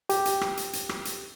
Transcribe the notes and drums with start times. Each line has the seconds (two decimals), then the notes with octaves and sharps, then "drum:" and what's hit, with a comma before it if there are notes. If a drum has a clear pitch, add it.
0.09 G4, drum: hi-hat
0.25 drum: hi-hat
0.41 drum: rim click
0.57 drum: hi-hat
0.73 drum: hi-hat
0.89 drum: rim click
1.05 drum: hi-hat